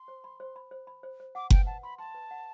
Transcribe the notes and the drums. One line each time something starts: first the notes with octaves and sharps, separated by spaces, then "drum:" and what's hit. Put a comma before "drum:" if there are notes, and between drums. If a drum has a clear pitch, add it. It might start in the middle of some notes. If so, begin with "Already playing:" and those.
Already playing: C6
C5
B5
C5
B5
C5
B5
C5
C5
F#5 D6
B4 G5, drum: kick F#1
F#5 A5
B5 C6
A5 C6
B4
F#5